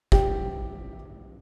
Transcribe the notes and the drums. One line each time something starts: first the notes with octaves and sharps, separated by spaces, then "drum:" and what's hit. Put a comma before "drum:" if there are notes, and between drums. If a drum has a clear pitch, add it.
G4 G5, drum: kick